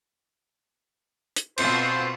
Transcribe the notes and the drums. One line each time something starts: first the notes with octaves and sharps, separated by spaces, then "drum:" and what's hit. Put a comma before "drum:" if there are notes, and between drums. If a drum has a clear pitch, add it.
drum: hi-hat
B2 C4 F4 C5, drum: cymbal